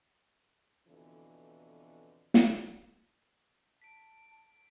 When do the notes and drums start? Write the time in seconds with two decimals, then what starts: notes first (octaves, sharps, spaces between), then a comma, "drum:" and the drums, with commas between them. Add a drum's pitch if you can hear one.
0.88 F2 B2 D3 E3
2.34 drum: snare
3.82 A5 B6 D7